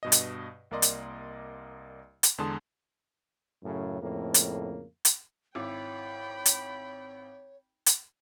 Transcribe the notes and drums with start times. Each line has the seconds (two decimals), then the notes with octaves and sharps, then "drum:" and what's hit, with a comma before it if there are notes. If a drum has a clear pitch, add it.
0.03 G2 B2 D#5
0.12 drum: hi-hat
0.71 C2 A#3 A#4 D5 D#5 C6
0.82 drum: hi-hat
2.23 drum: hi-hat
2.38 E2 D3 G#3 A5 C6 D#6
3.64 F#2 A2 C#3
4.01 F2 A2 C#3 A#3
4.34 drum: hi-hat
5.05 drum: hi-hat
5.55 G#1 E4 C#5 G5 B5 D6
6.46 drum: hi-hat
7.86 drum: hi-hat